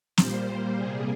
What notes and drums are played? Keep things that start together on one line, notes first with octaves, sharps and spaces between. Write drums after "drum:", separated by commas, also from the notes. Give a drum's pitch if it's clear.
A#2 G3 A#3 C5, drum: snare
C3 G3 A#3 G#4